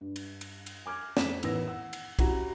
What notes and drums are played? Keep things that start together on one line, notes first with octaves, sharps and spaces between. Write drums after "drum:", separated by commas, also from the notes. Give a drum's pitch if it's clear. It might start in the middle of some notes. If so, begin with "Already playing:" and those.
G2
drum: cymbal
drum: cymbal
drum: cymbal
G#5 D6 F6 G#6
F2 A3 B6 E7, drum: snare
A1 D#3 B3 E6 A#6, drum: cymbal
F#5 E6
drum: cymbal
C#4 E4 F#4 G4 F#5 A#5, drum: kick, cymbal